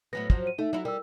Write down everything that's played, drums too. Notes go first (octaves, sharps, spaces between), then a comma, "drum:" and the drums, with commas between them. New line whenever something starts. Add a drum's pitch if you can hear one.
A2 F#3 B3 A#6
F3 F#3, drum: kick
D#7
A3 D#4 E5
F#3 E4
G3 A#4 E6